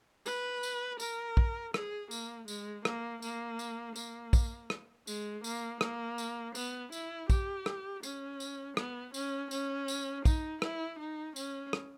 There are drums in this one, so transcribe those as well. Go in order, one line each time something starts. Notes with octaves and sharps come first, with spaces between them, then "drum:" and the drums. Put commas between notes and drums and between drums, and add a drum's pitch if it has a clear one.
B4, drum: tambourine
drum: tambourine
A#4, drum: tambourine
drum: kick
G#4, drum: rim click
A#3, drum: tambourine
G#3, drum: tambourine
A#3, drum: rim click
A#3, drum: tambourine
drum: tambourine
A#3, drum: tambourine
drum: kick, tambourine
drum: rim click
G#3, drum: tambourine
A#3, drum: tambourine
A#3, drum: rim click
drum: tambourine
B3, drum: tambourine
E4, drum: tambourine
G4, drum: kick, tambourine
drum: rim click
C#4, drum: tambourine
drum: tambourine
B3, drum: rim click
C#4, drum: tambourine
C#4, drum: tambourine
drum: tambourine
D#4, drum: kick, tambourine
E4, drum: rim click
D#4
C#4, drum: tambourine
drum: rim click